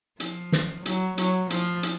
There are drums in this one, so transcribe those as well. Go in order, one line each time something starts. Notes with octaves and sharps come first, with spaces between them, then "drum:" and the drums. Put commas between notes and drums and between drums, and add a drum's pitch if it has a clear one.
F3, drum: hi-hat
drum: snare
F#3, drum: hi-hat
F#3, drum: hi-hat
F3, drum: hi-hat
drum: hi-hat